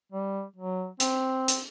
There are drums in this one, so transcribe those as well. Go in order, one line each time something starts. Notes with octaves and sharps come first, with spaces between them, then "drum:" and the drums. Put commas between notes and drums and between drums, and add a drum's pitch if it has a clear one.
G3
F#3
C4, drum: hi-hat
drum: hi-hat